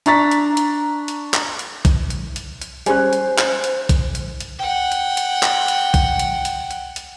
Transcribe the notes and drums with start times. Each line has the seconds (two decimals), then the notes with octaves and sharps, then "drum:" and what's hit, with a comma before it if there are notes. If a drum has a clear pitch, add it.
0.06 D4 A#5 C#6 A6 B6, drum: hi-hat
0.31 drum: hi-hat
0.57 drum: hi-hat
1.08 drum: hi-hat
1.34 drum: clap
1.59 drum: hi-hat
1.85 drum: kick A#1, hi-hat
2.10 drum: hi-hat
2.36 drum: hi-hat
2.62 drum: hi-hat
2.86 G3 G#3 C#4 C5 G#5 F#6, drum: hi-hat
3.13 drum: hi-hat
3.38 drum: clap
3.64 drum: hi-hat
3.89 drum: kick A#1, hi-hat
4.15 drum: hi-hat
4.40 drum: hi-hat
4.59 F#5 G5
4.92 drum: hi-hat
5.17 drum: hi-hat
5.43 drum: clap
5.68 drum: hi-hat
5.94 drum: kick A#1, hi-hat
6.19 drum: hi-hat
6.45 drum: hi-hat
6.71 drum: hi-hat
6.96 drum: hi-hat